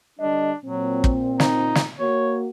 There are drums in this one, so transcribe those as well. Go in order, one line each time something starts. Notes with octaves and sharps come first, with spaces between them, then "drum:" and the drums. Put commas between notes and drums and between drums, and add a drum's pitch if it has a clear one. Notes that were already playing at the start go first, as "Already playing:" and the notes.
D3 G3 D4 D#5
A#2 F#3 C4
drum: kick
D#4, drum: snare
drum: snare
A#3 F#4 C#5